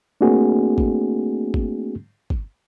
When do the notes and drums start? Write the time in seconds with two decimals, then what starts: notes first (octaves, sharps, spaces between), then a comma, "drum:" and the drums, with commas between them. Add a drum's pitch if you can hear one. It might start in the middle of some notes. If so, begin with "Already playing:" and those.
0.21 A3 A#3 C4 D4 F#4 G#4
0.78 drum: kick
1.54 drum: kick
2.30 drum: kick